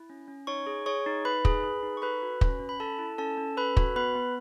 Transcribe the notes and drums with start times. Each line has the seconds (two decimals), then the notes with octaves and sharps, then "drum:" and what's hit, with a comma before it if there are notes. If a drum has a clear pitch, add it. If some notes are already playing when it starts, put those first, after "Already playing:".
Already playing: E4
0.10 C#4
0.28 C#4
0.47 D#4 C#5 C#6
0.67 G#4
0.86 G#4 C#5 C#6
1.06 D#4
1.25 D#4 B4 B5
1.45 G#4, drum: kick
1.63 G#4
1.83 D#4
1.97 C#6
2.02 A4 B4 B5
2.22 F#4
2.41 C#4, drum: kick
2.60 C#4
2.69 B5
2.80 A4 A5
2.99 E4
3.18 C#4 A4 A5
3.38 C#4
3.57 A4 B4 B5
3.77 F#4, drum: kick
3.96 B3 B4 B5
4.15 B3